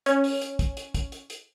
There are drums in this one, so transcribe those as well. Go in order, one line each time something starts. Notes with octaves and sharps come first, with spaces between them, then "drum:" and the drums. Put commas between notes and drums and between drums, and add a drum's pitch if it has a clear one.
C#4, drum: hi-hat
drum: open hi-hat
drum: hi-hat
drum: kick, hi-hat
drum: hi-hat
drum: kick, hi-hat
drum: hi-hat
drum: hi-hat